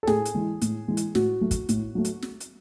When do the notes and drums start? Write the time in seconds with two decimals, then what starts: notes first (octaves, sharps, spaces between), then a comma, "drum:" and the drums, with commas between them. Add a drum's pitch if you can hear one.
0.03 A4
0.07 A2 G#4, drum: snare
0.25 drum: hi-hat
0.34 E3 G#3
0.61 A2, drum: hi-hat
0.88 E3 G#3
0.97 drum: hi-hat
1.15 A2 F#4, drum: snare
1.41 F#3 A3
1.51 drum: kick, hi-hat
1.69 A2, drum: hi-hat
1.95 F#3 A3
2.05 drum: hi-hat
2.22 drum: snare
2.40 drum: hi-hat